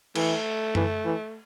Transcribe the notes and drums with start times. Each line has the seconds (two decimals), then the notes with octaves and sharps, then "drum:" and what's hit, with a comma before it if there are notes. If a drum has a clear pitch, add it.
0.15 E3 A3, drum: cymbal
0.75 E3, drum: tom F#2
1.05 E3